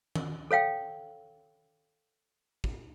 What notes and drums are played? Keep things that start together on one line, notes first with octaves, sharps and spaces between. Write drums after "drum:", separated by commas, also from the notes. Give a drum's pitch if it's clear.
drum: tom D#3
A4 C#5 F5 G5
drum: kick